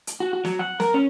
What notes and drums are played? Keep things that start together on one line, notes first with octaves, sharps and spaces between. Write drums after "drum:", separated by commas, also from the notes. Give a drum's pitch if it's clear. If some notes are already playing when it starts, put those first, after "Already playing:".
drum: hi-hat
F#4
F#4
F#3, drum: snare
F#5
A#4, drum: snare
C#4